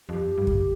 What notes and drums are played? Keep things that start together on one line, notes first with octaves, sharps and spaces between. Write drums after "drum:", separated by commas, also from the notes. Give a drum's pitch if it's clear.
F2 G4
G2
drum: kick